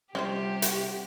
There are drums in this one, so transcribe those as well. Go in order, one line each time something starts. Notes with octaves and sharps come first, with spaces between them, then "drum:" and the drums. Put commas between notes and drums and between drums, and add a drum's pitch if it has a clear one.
C3 G3 C#4 E4 G4 C5
E4 F#4, drum: hi-hat